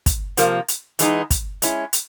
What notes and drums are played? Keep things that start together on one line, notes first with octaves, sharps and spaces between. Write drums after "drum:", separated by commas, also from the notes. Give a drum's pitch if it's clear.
drum: kick, hi-hat
C3 F3 A#3, drum: hi-hat
drum: hi-hat
E3 G#3 B3 D#4, drum: hi-hat
drum: kick, hi-hat
G#3 C#4 E4, drum: hi-hat
drum: hi-hat